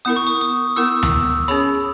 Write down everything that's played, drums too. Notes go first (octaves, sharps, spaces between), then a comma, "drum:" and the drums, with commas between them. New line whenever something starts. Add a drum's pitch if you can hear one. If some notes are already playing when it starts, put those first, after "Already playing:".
B3 E4 A#4 D#6
C#6
D#6
D#6
B3 E4 A#4 E6
drum: tom D2
C#4 G#4 C#5 B5